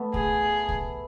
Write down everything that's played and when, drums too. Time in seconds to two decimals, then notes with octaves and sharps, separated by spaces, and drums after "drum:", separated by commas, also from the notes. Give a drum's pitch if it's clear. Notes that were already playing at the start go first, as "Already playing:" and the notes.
Already playing: A3 B3
0.14 G#4, drum: kick C2
0.69 drum: kick C2